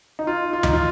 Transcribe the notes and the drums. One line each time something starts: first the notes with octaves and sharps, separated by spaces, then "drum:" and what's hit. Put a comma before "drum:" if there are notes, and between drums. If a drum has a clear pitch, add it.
D#4
F4
F4
D#4, drum: tom D2
F4